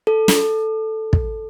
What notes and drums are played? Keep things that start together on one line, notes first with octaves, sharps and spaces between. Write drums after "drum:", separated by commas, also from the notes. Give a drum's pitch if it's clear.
A4
drum: snare
drum: kick